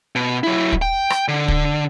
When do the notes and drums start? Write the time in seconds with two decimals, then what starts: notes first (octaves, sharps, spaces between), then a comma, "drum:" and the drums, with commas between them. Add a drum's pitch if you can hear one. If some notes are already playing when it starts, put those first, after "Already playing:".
0.16 B2
0.44 F#3 E4
0.72 drum: kick
0.82 G5
1.10 drum: rim click
1.28 D3
1.48 drum: kick